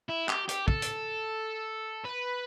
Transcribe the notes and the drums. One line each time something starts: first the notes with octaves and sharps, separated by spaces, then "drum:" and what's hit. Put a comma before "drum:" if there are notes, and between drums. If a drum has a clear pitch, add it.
E4
G4, drum: clap
G4, drum: hi-hat
A4, drum: kick
drum: hi-hat
B4